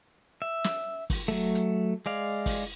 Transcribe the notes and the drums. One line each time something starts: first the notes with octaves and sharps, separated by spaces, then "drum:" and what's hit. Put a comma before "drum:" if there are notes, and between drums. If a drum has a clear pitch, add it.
E5
drum: snare
drum: kick F#1, open hi-hat
F#3 A3
drum: hi-hat
G#3 D5 F5
drum: kick F#1, open hi-hat